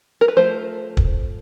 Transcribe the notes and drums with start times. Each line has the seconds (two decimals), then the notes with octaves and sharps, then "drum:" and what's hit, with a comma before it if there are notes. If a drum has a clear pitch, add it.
0.21 A#4
0.28 B4
0.37 F3 A3 C5
0.97 drum: kick